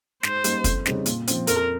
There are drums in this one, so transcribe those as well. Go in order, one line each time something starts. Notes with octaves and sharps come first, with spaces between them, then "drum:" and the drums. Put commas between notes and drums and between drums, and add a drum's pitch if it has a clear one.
G#2 C5, drum: snare
G3 A#3 D#4, drum: hi-hat
F2, drum: kick, hi-hat
C#3 G3 C4 D#4, drum: snare
A#2, drum: hi-hat
F3 C4, drum: hi-hat
F2 A#4, drum: hi-hat